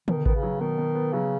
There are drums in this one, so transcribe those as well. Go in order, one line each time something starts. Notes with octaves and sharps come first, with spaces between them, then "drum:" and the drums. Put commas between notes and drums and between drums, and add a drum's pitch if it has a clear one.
B2 D#3, drum: tom
D#3 B3, drum: kick A1
C#3
F#3
B2 D#3
B2
B3
C#3 F#3